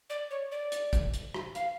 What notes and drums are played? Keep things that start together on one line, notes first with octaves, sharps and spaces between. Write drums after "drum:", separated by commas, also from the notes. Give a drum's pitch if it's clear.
D5
C#5
D5
drum: hi-hat
drum: kick, hi-hat
drum: hi-hat
drum: rim click
F5, drum: hi-hat